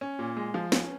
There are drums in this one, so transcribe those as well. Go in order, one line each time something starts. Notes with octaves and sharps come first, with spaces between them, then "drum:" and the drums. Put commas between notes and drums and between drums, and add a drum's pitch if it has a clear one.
C#4
A#2
G#3
F3
C#4, drum: snare